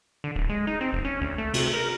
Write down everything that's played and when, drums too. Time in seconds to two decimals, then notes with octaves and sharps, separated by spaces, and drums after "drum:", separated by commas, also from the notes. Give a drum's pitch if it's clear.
0.24 D3
0.36 D1
0.50 G#3
0.67 D#4
0.81 C4
0.93 F1
1.05 C#4
1.21 D2
1.38 A3
1.54 C3, drum: cymbal
1.74 A#4